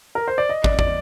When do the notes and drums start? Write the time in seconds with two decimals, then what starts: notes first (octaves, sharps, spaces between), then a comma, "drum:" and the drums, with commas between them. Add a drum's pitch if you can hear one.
0.15 A#4
0.28 C5
0.38 D5
0.49 D#5
0.64 D5, drum: kick
0.79 D5, drum: kick